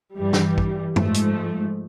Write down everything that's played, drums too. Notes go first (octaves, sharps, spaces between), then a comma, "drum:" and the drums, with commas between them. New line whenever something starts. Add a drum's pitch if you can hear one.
G2 E3 G3
drum: snare
drum: kick
G#2 F3 A3, drum: tom F#2
drum: hi-hat